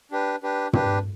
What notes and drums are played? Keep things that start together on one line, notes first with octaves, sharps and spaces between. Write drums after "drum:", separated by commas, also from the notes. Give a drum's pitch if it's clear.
D4 G4 B4
D4 G4 B4
D4 G4 B4, drum: tom